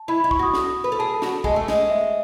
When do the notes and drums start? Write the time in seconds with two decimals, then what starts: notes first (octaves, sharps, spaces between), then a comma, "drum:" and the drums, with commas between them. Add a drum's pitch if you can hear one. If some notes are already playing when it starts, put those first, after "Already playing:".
Already playing: A5
0.08 E4 B5
0.20 B5
0.24 E4
0.31 C#6, drum: kick
0.39 F#4 D#6
0.54 D#6, drum: snare
0.84 B4 B5
0.92 A4
0.99 G#4 A5
1.14 A5
1.22 F#4, drum: snare
1.29 A5
1.44 G#3 G#5, drum: kick
1.56 A3
1.68 G#3, drum: snare
1.90 E5